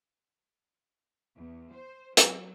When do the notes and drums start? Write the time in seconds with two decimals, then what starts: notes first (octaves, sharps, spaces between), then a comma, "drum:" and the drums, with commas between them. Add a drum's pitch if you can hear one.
1.37 E2
1.74 C5
2.17 F#3, drum: hi-hat